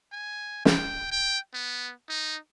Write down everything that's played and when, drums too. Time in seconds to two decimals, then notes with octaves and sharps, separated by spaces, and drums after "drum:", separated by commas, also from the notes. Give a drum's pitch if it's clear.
0.12 G#5
0.65 G5, drum: snare
1.11 G5
1.53 B3
2.09 D#4